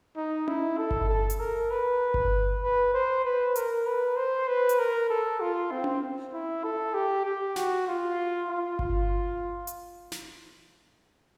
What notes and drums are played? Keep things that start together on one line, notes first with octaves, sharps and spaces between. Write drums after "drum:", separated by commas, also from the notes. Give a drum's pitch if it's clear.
D#4
E4, drum: tom C#4
A4
drum: kick G1
A4
drum: hi-hat
A#4
B4
drum: kick G1
B4
C5
B4
A#4, drum: hi-hat
B4
C5
B4
drum: hi-hat
A#4
A4
F4
C4
drum: tom C#4
E4
A4
G4
G4
F#4, drum: snare
F4
F4
F4, drum: kick G1
drum: hi-hat
drum: snare